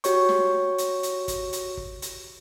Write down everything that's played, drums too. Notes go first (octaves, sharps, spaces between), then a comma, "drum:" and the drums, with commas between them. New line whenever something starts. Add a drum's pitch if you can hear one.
F#4 G4 C#5 C#6, drum: hi-hat
drum: snare
drum: hi-hat
drum: hi-hat
drum: kick, hi-hat
drum: hi-hat
drum: kick
drum: hi-hat